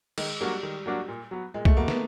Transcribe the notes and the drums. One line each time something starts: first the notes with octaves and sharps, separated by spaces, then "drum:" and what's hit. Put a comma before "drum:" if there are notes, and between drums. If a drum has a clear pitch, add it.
D#3 G#3, drum: cymbal
F#3 G3 A#3 D4 F#4
D#3
F#3 A#3 D4 F#4
A#2
F#3 B3
A#2 G#3
A3, drum: kick
F#3 A#3 B3
B3, drum: snare